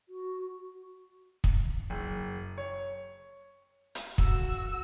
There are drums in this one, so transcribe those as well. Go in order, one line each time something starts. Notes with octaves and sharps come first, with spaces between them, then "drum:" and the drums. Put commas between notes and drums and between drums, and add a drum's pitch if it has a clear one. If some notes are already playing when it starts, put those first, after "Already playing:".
F#4
drum: kick
F#1
C#5
drum: hi-hat
F#4 E6, drum: kick